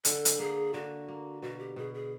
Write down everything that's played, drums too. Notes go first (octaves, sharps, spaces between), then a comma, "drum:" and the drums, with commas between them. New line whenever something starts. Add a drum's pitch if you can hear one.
D3 A4, drum: hi-hat
drum: hi-hat
A#3 G#4
D3 F#4
A#3
B2 F#4
G4
B2 G#4
G#4